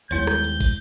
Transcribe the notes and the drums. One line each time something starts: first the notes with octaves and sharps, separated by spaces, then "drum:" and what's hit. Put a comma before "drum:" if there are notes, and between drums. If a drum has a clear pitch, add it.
D#2 F3 G3 G#3 B3 E4 C#5 G6, drum: hi-hat
drum: rim click
drum: hi-hat
drum: kick, open hi-hat